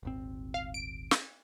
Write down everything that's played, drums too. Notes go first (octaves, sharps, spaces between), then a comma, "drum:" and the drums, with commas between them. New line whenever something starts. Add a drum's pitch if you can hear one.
D#1 G#1 C4
F5
D7
drum: snare